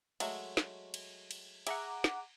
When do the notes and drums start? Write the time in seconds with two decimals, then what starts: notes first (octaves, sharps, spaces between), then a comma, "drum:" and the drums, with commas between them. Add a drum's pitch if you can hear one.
0.20 F#3 G#3 A3, drum: cymbal
0.57 drum: snare
0.94 drum: cymbal
1.31 drum: cymbal
1.67 G#4 E5 F#5 A#5 D6, drum: cymbal
2.04 drum: snare